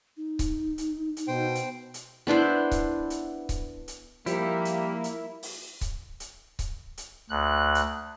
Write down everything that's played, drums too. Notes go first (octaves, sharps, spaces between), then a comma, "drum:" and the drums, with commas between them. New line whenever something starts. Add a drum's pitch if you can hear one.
D#4
drum: kick C#1, hi-hat
drum: hi-hat
drum: hi-hat
B2 C5 G5
drum: hi-hat
drum: hi-hat
B3 D4 E4 C5
drum: kick C#1, hi-hat
drum: hi-hat
drum: kick C#1, hi-hat
drum: hi-hat
F3 G3 A#3 E4, drum: hi-hat
drum: hi-hat
drum: hi-hat
drum: open hi-hat
drum: kick C#1, hi-hat
drum: hi-hat
drum: kick C#1, hi-hat
drum: hi-hat
D2 F#6
drum: hi-hat